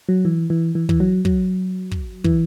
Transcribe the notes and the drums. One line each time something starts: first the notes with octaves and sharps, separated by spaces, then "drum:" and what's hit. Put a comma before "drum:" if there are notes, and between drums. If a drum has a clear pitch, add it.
F#3
E3
E3
E3
E3, drum: kick
F#3
F#3, drum: kick
drum: kick
E3, drum: kick